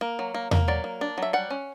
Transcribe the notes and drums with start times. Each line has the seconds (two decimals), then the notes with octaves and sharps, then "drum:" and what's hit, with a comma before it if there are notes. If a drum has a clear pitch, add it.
0.01 A#3
0.19 F#3
0.34 A#3
0.51 A#3, drum: tom E2
0.68 F#3 D5
0.84 A#3
1.01 D4
1.18 F#3 E5
1.33 G3 F#5
1.50 C#4